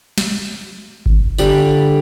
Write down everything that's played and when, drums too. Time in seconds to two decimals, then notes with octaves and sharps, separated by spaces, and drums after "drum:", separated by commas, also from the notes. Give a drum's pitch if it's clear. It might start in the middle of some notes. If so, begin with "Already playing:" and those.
0.18 drum: snare
1.06 drum: kick G1
1.38 D3 G3 B5, drum: tambourine